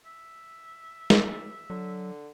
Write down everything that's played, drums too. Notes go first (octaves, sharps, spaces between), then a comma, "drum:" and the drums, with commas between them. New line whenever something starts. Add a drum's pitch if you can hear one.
E5
drum: snare
D3 F#3